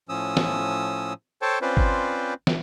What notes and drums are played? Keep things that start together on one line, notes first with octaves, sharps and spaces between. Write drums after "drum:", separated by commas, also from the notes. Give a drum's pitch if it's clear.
A2 F3 C#4 D#6 E6
drum: snare
A4 C5 C#5 G5 A5
C4 C#4 F4 B4 C5 D5
drum: kick G#1
drum: snare